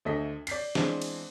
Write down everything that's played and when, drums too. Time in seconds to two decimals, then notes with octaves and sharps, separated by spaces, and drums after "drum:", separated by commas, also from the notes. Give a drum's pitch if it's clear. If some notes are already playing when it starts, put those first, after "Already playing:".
0.05 D2 A3 D#5 B6
0.47 D5 G6 B6 C7, drum: cymbal
0.75 E3 G#3 B3 C4 D4, drum: snare
1.02 drum: cymbal